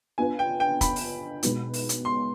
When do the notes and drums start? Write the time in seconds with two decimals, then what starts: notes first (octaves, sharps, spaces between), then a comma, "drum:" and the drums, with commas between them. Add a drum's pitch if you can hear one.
0.18 B3 D4 F4 B4 G#5
0.39 G5
0.60 G5
0.81 B5, drum: kick, hi-hat
0.96 drum: open hi-hat
1.43 B2 G#3 B3 D#4, drum: hi-hat
1.73 drum: open hi-hat
1.89 drum: hi-hat
2.05 C6